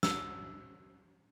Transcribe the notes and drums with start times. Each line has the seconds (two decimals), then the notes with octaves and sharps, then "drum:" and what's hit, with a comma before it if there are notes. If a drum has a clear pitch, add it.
0.03 E6, drum: snare